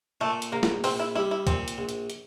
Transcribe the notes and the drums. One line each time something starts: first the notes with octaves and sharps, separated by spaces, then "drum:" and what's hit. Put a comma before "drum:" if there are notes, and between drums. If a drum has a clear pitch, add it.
A#2 A3
drum: hi-hat
A#1 A#3
drum: snare
A#1 C4, drum: open hi-hat
E4
G3 E4
E4
A#2 C4, drum: kick C#2, hi-hat
drum: hi-hat
A#1
drum: hi-hat
drum: hi-hat